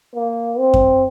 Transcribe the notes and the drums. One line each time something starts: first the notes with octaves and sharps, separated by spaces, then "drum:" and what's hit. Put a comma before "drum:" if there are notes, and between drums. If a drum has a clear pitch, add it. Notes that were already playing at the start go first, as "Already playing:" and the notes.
A#3
C4
drum: kick F#2